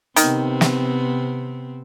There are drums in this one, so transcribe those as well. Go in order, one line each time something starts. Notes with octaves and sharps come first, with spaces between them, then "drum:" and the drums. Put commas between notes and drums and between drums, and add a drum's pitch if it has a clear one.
C3 D#3 B3 C4, drum: hi-hat
drum: snare